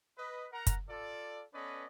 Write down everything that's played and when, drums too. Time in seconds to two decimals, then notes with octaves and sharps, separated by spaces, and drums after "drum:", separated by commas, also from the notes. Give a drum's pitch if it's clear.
0.18 B4 D#5
0.53 A#4 F#5 A#5
0.67 drum: kick, hi-hat
0.89 F4 A4 D5
1.54 B3 C#4 A4 B4 D5 D#5